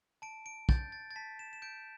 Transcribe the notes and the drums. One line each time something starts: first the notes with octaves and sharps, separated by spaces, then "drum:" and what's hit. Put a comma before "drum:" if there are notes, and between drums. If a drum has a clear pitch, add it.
A5 D7
D7
G6 A6, drum: kick
A6
A6
A5 B6
E7
E7
G6 D7